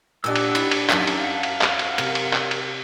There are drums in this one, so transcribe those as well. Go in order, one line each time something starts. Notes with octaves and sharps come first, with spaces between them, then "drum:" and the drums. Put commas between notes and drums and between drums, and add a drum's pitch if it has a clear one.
A#2 D4 G4 D#5 F#5 E6
drum: cymbal
E4 B5, drum: cymbal
drum: cymbal
F#2 D#4 A#4 E5 A5 A#5, drum: clap
drum: cymbal
F5 F#5
drum: cymbal
drum: clap
drum: cymbal
C3 A#4, drum: cymbal
drum: cymbal
drum: clap
drum: cymbal